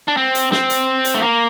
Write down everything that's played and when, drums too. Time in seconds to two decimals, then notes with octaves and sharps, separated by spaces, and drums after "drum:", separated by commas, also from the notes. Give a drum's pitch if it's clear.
0.08 D4
0.17 C4
0.35 drum: hi-hat
0.52 C4, drum: snare
0.70 drum: hi-hat
1.05 drum: hi-hat
1.14 A3
1.22 A#3